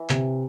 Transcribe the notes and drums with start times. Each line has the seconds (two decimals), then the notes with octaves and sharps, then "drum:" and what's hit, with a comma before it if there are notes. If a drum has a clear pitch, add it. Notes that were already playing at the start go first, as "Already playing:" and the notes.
Already playing: E3
0.09 C3, drum: clap